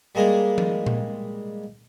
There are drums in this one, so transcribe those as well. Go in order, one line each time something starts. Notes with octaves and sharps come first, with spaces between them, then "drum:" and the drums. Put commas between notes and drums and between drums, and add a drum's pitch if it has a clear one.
G3 G#3 A#3 G#4
drum: tom F3
drum: tom A#2